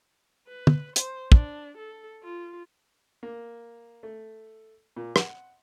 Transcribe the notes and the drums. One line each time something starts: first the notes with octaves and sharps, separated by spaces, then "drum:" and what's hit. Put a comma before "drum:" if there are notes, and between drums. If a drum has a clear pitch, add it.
B4
drum: tom
C5, drum: hi-hat
D4, drum: kick
A4
F4
A#3
A3
A#2
F#5, drum: rim click